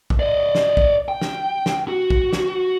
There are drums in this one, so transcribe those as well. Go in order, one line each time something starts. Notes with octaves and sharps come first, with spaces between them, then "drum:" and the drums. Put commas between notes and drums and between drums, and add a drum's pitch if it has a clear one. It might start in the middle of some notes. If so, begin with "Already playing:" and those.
drum: kick
D5 D#5
drum: snare
drum: kick
G5
drum: snare
drum: snare
F#4
drum: kick
drum: snare